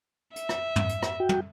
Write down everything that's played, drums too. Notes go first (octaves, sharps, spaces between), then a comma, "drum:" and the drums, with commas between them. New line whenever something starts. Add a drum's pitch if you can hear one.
E5, drum: hi-hat
drum: rim click
drum: tom
drum: hi-hat
drum: rim click
F#4 G5
drum: tom